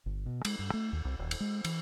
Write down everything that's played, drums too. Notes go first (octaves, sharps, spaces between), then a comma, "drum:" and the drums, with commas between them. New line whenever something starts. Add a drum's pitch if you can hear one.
G1
B2
G#3, drum: cymbal
G2
A3
D#2
C2
D#1
drum: cymbal
G#3
E3, drum: cymbal